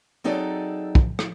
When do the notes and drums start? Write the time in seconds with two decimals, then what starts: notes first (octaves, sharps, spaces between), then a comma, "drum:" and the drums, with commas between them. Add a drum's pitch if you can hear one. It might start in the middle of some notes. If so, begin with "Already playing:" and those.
0.24 F#3 C4 D#4 G#4 A4 D5
0.95 drum: kick
1.19 drum: rim click